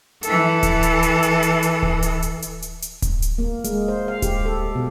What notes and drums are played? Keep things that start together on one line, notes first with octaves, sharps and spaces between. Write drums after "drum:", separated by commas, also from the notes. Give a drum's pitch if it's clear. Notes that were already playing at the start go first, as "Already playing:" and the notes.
E3 A4, drum: hi-hat
drum: kick D1, hi-hat
drum: hi-hat
drum: hi-hat
drum: hi-hat
drum: hi-hat
drum: hi-hat
drum: kick D1
drum: hi-hat
drum: hi-hat
drum: hi-hat
drum: hi-hat
drum: hi-hat
drum: kick D1, hi-hat
drum: hi-hat
A#3
G#3, drum: hi-hat
C5
F5
G4, drum: kick D1, hi-hat
A4
B2